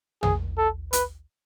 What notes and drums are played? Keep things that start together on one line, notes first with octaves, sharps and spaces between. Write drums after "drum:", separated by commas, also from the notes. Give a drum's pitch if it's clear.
G#4, drum: tom
A4
B4, drum: hi-hat